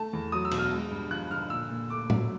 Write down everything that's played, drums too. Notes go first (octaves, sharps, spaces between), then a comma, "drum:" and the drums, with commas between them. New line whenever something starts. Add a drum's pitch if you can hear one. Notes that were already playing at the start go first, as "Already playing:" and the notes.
Already playing: A3 A5
E2
F#3 D#6
E6
B2, drum: cymbal
F6
G#3
G2
F3 F#6
D3 F6
A#2 E6
A#2
A3 D6
F#3, drum: tom A2